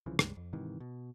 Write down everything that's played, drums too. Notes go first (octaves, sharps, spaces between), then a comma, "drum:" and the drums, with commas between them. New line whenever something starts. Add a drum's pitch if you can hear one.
C2 C#3 E3 F3
C#2 G2 G#3, drum: rim click
F2
G#2 C3 D#3 E3
B2